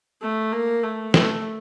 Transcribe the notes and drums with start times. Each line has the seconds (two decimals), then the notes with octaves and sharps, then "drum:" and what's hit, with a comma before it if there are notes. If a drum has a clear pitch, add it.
0.21 A3
0.53 A#3
0.83 A3
1.14 A3, drum: snare